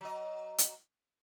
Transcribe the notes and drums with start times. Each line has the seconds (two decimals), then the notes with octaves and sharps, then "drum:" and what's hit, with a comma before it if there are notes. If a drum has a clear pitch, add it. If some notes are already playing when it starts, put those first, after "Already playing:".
0.01 F#3 D#5
0.58 drum: hi-hat